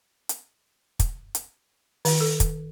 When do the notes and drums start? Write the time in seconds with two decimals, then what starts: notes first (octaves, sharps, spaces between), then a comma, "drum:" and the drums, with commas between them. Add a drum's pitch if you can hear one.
0.29 drum: hi-hat
1.00 drum: kick, hi-hat
1.35 drum: hi-hat
2.05 D#3, drum: open hi-hat
2.21 A4
2.40 drum: kick, hi-hat